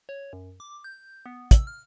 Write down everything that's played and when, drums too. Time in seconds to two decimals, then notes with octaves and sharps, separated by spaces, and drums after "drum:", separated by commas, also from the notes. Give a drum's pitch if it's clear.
0.09 C#5
0.33 F#2
0.60 D6
0.84 G6
1.26 B3
1.51 E6, drum: kick, hi-hat
1.67 F6